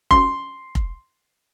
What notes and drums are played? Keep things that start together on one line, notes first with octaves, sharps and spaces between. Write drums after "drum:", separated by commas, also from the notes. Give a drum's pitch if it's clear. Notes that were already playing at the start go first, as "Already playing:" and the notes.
C6, drum: kick F1
drum: kick F1